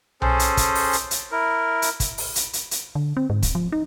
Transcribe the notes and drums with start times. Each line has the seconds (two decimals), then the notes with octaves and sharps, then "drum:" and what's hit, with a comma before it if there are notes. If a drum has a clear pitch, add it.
0.22 C#4 G#4 A4 C5, drum: tom B1
0.39 drum: hi-hat
0.57 drum: kick, hi-hat
0.75 drum: open hi-hat
0.93 drum: hi-hat
1.11 drum: hi-hat
1.32 E4 A#4
1.82 drum: hi-hat
2.00 drum: kick, hi-hat
2.18 drum: open hi-hat
2.36 drum: hi-hat
2.53 drum: hi-hat
2.71 drum: hi-hat
2.95 D3
3.17 C4
3.30 G#2
3.43 D1, drum: kick, hi-hat
3.55 F3
3.72 D#4